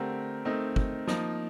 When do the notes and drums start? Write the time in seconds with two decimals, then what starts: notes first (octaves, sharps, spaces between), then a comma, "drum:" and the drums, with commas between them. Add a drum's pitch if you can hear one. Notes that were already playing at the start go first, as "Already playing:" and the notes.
Already playing: D3 A3 C4 G4 A#4
0.45 A3 C4 D#4 A#4 D#5
0.76 drum: kick
1.07 F3 A#3 D#4, drum: snare